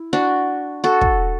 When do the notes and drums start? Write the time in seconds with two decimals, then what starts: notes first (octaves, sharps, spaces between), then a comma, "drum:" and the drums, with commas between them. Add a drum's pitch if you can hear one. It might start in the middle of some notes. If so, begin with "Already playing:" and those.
Already playing: E4
0.13 D4 F#4
0.84 F#4 A4
1.01 drum: kick